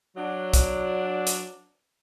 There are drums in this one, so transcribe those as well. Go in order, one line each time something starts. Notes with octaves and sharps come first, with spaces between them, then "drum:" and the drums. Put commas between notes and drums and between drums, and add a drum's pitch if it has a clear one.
F#3 D4
drum: kick B1, hi-hat
drum: hi-hat